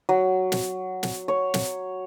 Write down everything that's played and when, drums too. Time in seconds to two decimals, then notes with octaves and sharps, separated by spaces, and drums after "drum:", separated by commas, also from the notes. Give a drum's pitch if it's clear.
0.09 F#3
0.52 drum: snare
1.03 drum: snare
1.28 C#5
1.54 drum: snare